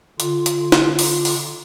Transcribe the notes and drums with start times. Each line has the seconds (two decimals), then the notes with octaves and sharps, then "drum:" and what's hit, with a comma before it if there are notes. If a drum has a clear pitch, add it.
0.20 D3 F4, drum: hi-hat
0.46 drum: hi-hat
0.72 drum: snare
0.99 drum: open hi-hat
1.25 drum: open hi-hat